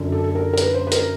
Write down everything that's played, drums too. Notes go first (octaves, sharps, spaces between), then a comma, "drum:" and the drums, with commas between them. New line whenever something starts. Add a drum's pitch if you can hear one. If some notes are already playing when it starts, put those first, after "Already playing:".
Already playing: F#2 D3
A4
A4
A#4
A#4
B4, drum: hi-hat
C5
B4
A#4, drum: hi-hat